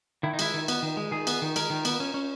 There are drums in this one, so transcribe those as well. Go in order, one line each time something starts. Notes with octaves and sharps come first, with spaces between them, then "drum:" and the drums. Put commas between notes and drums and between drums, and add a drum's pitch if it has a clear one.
D#3 E4
D#4
G#3 E4, drum: cymbal
D#3
B3, drum: cymbal
D#3
G#3
D#3 G#4
B3, drum: cymbal
D#3
G#3 A#4, drum: cymbal
D#3
B3, drum: cymbal
C#4
C#4